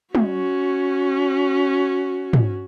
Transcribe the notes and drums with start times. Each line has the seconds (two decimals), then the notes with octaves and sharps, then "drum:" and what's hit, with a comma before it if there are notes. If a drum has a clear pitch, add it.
0.15 C#4 F#4, drum: tom
2.33 drum: tom